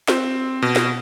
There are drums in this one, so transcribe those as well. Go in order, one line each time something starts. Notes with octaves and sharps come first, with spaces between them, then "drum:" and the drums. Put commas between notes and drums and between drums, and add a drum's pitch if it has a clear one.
C4, drum: snare
B2
drum: snare